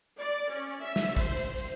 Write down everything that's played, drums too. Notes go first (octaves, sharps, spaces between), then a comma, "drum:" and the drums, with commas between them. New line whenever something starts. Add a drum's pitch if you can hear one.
D5
C#4
E5
drum: snare
C5, drum: kick G#1, hi-hat
drum: hi-hat
drum: hi-hat